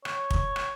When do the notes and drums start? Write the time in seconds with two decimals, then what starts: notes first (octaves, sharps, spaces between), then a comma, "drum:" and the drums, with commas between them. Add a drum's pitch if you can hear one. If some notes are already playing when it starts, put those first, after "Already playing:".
0.05 C#5, drum: rim click
0.31 drum: kick
0.56 drum: rim click